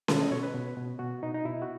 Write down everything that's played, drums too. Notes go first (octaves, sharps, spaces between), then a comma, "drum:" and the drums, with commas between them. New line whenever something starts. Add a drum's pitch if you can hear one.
B2 A4, drum: snare C#4
D#5
B2 C#5
B4
B2
B2
B2 F#4
B2 D#4
D#4
B2 E4
F#4